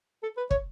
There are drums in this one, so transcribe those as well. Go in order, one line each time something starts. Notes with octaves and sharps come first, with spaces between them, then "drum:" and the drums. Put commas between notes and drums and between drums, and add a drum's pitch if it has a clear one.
A4
B4
C#5, drum: kick